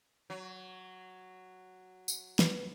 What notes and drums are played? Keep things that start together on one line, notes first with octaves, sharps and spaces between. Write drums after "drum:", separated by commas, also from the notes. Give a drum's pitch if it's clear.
F#3
drum: tambourine
B4, drum: snare